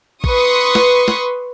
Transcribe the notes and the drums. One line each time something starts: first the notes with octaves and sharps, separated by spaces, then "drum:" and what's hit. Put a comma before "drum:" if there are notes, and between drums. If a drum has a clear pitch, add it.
B4 C6 C#6 D#6, drum: kick A1
drum: snare
drum: snare